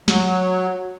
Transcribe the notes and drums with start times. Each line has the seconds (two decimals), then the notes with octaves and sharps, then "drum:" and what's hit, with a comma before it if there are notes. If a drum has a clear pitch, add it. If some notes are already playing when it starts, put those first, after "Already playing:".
0.08 F#3, drum: snare